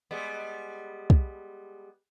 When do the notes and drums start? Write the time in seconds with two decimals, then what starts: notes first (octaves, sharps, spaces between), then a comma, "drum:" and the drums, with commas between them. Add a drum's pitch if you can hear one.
0.11 G3 G#3 B3
1.10 drum: kick